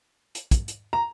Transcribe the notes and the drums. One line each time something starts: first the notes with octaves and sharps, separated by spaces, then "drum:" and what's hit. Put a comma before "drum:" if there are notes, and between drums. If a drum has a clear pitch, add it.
drum: hi-hat
drum: kick, hi-hat
drum: hi-hat
A#5